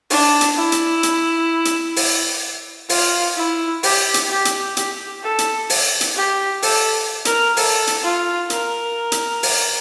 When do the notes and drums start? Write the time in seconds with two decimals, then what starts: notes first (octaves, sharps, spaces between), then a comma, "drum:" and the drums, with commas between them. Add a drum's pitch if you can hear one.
0.10 D4, drum: open hi-hat
0.41 drum: hi-hat
0.56 E4
0.72 drum: hi-hat
1.03 drum: hi-hat
1.65 drum: hi-hat
1.96 drum: open hi-hat
2.89 F4, drum: open hi-hat
3.37 E4
3.83 G4, drum: open hi-hat
4.14 drum: hi-hat
4.30 G4
4.45 drum: hi-hat
4.77 G4, drum: hi-hat
5.23 A4
5.38 drum: hi-hat
5.70 drum: open hi-hat
6.01 drum: hi-hat
6.16 G4
6.62 A4, drum: open hi-hat
7.25 A#4, drum: hi-hat
7.57 A4, drum: open hi-hat
7.87 drum: hi-hat
8.03 F4
8.50 A#4, drum: hi-hat
9.12 drum: hi-hat
9.43 drum: open hi-hat